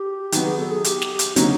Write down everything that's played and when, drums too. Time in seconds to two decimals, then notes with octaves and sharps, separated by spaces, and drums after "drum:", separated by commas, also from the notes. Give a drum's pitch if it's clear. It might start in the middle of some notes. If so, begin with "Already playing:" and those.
Already playing: G4
0.32 D#3 F#3 B3, drum: hi-hat
0.45 G#4
0.59 A4
0.71 G#4
0.84 G4, drum: hi-hat
1.02 drum: snare
1.19 drum: hi-hat
1.36 D3 F#3 A#3 C#4 D#4, drum: hi-hat